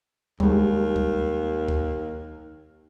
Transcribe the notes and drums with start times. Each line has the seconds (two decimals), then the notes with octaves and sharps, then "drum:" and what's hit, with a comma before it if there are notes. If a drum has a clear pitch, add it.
0.40 D#2 G3 G#3, drum: kick C#2
0.96 drum: kick C#2
1.68 drum: kick C#2